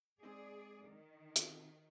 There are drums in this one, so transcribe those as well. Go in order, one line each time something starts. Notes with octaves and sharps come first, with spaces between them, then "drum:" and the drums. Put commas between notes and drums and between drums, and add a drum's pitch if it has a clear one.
G#3 C4 D#4 G#4 D5
D#3
B2 C4, drum: hi-hat